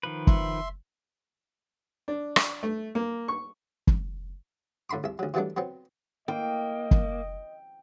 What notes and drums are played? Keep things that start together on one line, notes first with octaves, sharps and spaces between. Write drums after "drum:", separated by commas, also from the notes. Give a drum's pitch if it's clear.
D#3 F3 B4
E5 C6, drum: kick
D4
drum: rim click
A3
A#3
C#6
drum: kick
A2 D3 B5 C6 D6
C2 E5
D2 F#3
E3 F#3 G3 A3 B3 D4
F#3 B3 C4
A#3 D#5 G5
drum: kick